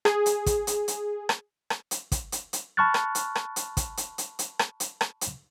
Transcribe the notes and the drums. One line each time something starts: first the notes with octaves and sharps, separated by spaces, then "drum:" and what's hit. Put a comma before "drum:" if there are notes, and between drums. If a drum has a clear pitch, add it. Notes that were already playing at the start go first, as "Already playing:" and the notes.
G#4, drum: rim click
drum: hi-hat
drum: kick, hi-hat
drum: hi-hat
drum: hi-hat
drum: rim click
drum: rim click
drum: hi-hat
drum: kick, hi-hat
drum: hi-hat
drum: hi-hat
A5 B5 C#6 F6 F#6 A6
drum: rim click
drum: hi-hat
drum: rim click
drum: hi-hat
drum: kick, hi-hat
drum: hi-hat
drum: hi-hat
drum: hi-hat
drum: rim click
drum: hi-hat
drum: rim click
drum: hi-hat